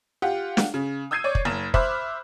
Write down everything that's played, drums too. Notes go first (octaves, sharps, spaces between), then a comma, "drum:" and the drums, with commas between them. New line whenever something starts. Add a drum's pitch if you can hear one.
F4 G4 F#5
drum: snare
C#3
D#6 E6 G6 G#6 C7 D#7
C#5 D5
drum: kick
F#1 E7
C5 E5 B5 D6 F6 F#6, drum: kick